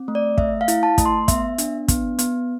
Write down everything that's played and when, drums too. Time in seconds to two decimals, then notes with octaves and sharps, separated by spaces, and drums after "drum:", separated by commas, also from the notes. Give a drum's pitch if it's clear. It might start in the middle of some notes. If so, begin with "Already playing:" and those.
Already playing: C4
0.08 A3
0.15 D5
0.38 A3 E5, drum: kick
0.61 F5
0.68 E4, drum: hi-hat
0.83 A5
0.98 A3, drum: kick, hi-hat
1.06 C6
1.28 B3 E5, drum: kick, hi-hat
1.58 D4, drum: hi-hat
1.88 B3, drum: kick, hi-hat
2.19 B3, drum: hi-hat